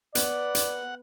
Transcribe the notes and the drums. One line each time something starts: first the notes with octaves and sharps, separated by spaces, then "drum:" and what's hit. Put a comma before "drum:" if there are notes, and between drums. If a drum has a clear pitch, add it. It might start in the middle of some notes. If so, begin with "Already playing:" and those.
B3 D5 F#5, drum: hi-hat
drum: hi-hat